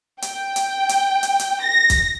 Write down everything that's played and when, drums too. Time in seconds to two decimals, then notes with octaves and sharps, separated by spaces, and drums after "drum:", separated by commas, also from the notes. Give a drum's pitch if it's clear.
0.22 G5, drum: hi-hat
0.56 drum: hi-hat
0.89 drum: hi-hat
1.23 drum: hi-hat
1.40 drum: hi-hat
1.62 A#6
1.90 drum: kick, hi-hat